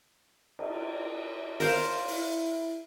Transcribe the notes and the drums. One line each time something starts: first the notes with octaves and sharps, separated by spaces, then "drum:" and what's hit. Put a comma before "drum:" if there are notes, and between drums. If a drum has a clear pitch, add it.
drum: cymbal
A#4 C5 F5, drum: open hi-hat
E4, drum: open hi-hat